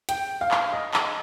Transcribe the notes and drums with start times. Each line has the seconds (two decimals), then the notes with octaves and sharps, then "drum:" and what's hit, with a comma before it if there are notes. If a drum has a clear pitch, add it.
0.09 G5, drum: hi-hat
0.41 F5
0.51 drum: clap
0.73 D#5
0.94 drum: clap